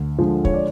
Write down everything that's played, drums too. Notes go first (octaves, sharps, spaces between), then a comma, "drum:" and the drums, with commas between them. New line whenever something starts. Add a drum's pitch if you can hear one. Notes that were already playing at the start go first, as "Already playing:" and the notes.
Already playing: D2
D3 F3 G#3
C#5, drum: kick
D5